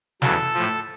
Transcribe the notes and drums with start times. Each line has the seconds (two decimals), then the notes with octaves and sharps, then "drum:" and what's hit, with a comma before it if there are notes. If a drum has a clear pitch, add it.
0.22 E2 C#3 F#3 A4, drum: snare
0.54 A2 F3